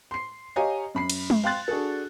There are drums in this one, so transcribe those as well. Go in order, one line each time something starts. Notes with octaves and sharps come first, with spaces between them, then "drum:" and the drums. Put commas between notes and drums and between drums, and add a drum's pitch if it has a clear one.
C6 C7
G4 C#5 D#5 F5 G#5 A#5
F#2 B5 C7
drum: cymbal
drum: tom G#3
F5 G5 C6 F#6 A6
D4 F#4 G#4 A4